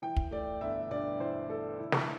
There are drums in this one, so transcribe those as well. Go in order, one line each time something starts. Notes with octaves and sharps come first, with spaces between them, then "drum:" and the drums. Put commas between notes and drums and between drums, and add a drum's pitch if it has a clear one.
E3 G5
drum: kick
A3 D5
G1 E5
G2 D5
E3 C5
A3 A4
D3 E4
drum: snare